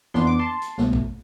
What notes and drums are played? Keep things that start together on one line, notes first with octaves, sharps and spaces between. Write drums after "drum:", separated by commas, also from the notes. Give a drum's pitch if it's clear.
F2 E3 B3 D4 C6, drum: snare
D6
A5 C6
drum: hi-hat
C2 B2 A3, drum: snare
drum: kick